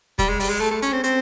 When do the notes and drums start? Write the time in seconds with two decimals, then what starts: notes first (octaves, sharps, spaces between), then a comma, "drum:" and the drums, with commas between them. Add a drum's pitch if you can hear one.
0.19 G3, drum: kick, hi-hat
0.29 G#3
0.40 G3, drum: open hi-hat
0.50 G#3
0.60 A3
0.71 A3
0.82 C#4, drum: hi-hat
0.93 C4
1.04 C4, drum: hi-hat